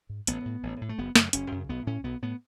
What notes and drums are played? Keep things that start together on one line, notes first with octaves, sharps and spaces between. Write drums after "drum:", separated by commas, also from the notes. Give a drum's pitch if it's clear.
G#2
A1 B3, drum: hi-hat
A2
A1
A2
A3
F#1 B3
F#2 C#3 A3, drum: snare
F#1 C#4, drum: hi-hat
F#2 C#3
B1 B3
A2 C#4
B1 B3
A2 B3